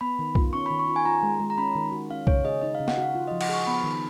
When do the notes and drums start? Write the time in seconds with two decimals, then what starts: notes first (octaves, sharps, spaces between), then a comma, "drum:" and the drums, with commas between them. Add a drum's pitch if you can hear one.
0.01 B3 B5
0.19 D#3
0.35 F4, drum: kick B1
0.53 C#4 C#6
0.66 D#3 B5
0.79 C#6
0.89 F4
0.96 G#5
1.05 F4 A#5
1.23 G#3
1.40 G#3
1.50 A#5
1.58 C#4 B5
1.75 D#3
1.92 F#4
2.11 C#4 F5
2.27 C#3 C#5, drum: kick B1
2.45 G#4 D#5
2.62 D#4 D#5
2.75 F5
2.80 C#3
2.88 F#5, drum: snare
2.97 F#4 F5
3.15 F4
3.27 F3 D#5
3.41 F#5, drum: cymbal
3.49 G#4 C#6
3.67 B3 B5
3.84 D#3